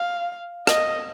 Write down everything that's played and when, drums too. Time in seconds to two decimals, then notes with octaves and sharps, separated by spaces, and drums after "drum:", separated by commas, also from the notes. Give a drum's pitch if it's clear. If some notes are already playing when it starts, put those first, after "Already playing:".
Already playing: F5
0.67 D#5, drum: rim click